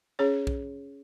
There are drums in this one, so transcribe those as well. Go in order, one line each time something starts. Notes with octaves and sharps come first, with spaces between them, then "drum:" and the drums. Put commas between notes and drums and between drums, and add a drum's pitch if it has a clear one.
C#4 G#4 C#5
drum: kick B1